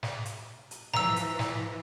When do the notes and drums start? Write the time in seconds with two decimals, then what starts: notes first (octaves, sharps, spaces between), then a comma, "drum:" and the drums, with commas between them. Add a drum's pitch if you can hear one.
0.03 drum: snare
0.25 drum: hi-hat
0.71 drum: hi-hat
0.94 E3 F3 A#5 E6, drum: snare
1.16 drum: hi-hat
1.39 drum: snare